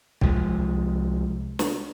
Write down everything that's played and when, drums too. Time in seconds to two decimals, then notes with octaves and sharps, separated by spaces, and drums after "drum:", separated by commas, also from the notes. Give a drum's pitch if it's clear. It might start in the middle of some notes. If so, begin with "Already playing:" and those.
0.21 C2 F3 G#3, drum: kick
1.59 drum: snare